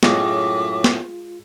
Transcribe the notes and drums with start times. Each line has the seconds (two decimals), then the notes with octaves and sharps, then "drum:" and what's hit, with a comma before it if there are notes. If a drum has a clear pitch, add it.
0.03 F#2 A2 G#3 F4 D6, drum: snare
0.84 drum: snare